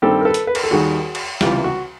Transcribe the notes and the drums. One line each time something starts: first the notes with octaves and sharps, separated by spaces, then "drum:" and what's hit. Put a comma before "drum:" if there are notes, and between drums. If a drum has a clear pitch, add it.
G2 D#3 G3 C4 G4 A4
A#4
A4 B4
drum: hi-hat
B4
A#4, drum: cymbal
A4
D#2 D#3 G3 F#4 G#4
drum: cymbal
C#2 C3 E3 G3 F4 G4, drum: snare
F#4